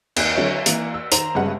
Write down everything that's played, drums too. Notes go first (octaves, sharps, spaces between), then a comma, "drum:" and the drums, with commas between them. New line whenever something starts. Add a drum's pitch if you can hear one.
D#2, drum: cymbal
D3 F#3 E4 C#5
E3 A#3, drum: hi-hat
E6
D#3 C5 A#5, drum: hi-hat
G1 G2 C#3 G#3 B4 F#5